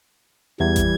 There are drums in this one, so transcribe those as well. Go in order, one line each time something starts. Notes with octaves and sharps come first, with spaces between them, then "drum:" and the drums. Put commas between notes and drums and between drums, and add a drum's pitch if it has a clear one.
E2 E3 G3 G#6
drum: kick, hi-hat